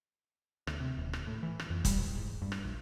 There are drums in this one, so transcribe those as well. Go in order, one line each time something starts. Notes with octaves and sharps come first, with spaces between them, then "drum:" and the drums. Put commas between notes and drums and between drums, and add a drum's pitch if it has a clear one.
D2, drum: rim click
C3
D#1
drum: rim click
A2
E3
drum: rim click
F2
G3, drum: kick, hi-hat
E2
G#2
G2
drum: rim click
A#1